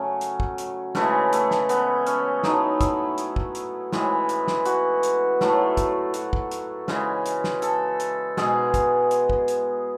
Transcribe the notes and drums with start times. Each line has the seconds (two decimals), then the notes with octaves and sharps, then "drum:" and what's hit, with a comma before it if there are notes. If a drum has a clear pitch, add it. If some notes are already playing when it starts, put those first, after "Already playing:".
Already playing: C#3 F#3 A3 C#4
0.21 drum: hi-hat
0.40 drum: kick
0.58 drum: hi-hat
0.95 C#3 E3 G#3 A3, drum: snare
1.33 A3, drum: hi-hat
1.51 drum: snare
1.69 B3, drum: hi-hat
2.07 C#4, drum: hi-hat
2.43 A2 F#3 A3 D#4, drum: snare
2.81 E4, drum: kick, hi-hat
3.18 drum: hi-hat
3.36 drum: kick
3.55 drum: hi-hat
3.93 A2 E3 G#3, drum: snare
4.29 drum: hi-hat
4.48 drum: snare
4.65 F#4, drum: hi-hat
5.03 drum: hi-hat
5.41 A2 F#3 A3, drum: snare
5.77 drum: kick, hi-hat
6.14 F#4, drum: hi-hat
6.33 drum: kick
6.51 drum: hi-hat
6.88 C#3 E3 G#3, drum: snare
7.26 drum: hi-hat
7.44 drum: snare
7.62 A4, drum: hi-hat
8.00 drum: hi-hat
8.37 B2 G#3 G#4, drum: snare
8.74 drum: kick, hi-hat
9.11 drum: hi-hat
9.30 drum: kick
9.48 drum: hi-hat